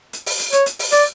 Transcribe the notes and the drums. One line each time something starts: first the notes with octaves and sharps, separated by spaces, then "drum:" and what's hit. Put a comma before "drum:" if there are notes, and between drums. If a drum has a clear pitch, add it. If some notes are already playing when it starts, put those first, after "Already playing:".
drum: hi-hat
drum: open hi-hat
drum: hi-hat
C#5, drum: hi-hat
drum: hi-hat
drum: open hi-hat
D5, drum: hi-hat